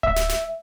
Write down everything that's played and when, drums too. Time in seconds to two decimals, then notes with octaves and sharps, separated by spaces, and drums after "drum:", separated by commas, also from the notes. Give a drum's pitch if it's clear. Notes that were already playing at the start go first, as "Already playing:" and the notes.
0.03 E5, drum: kick D1
0.16 drum: snare
0.30 drum: snare